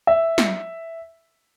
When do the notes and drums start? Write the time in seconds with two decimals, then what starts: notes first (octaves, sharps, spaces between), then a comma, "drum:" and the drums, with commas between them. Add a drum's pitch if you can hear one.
0.07 E5
0.38 drum: snare